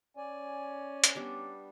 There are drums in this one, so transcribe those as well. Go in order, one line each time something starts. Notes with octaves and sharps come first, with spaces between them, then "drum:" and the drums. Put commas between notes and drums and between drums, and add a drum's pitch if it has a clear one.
C#4 D5 G#5
drum: hi-hat
G3 B3 D4